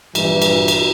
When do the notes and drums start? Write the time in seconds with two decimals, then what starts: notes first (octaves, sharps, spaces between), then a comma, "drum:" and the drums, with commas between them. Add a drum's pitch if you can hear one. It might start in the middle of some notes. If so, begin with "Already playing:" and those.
0.15 A#1 G2 E3, drum: cymbal
0.42 drum: cymbal
0.68 drum: cymbal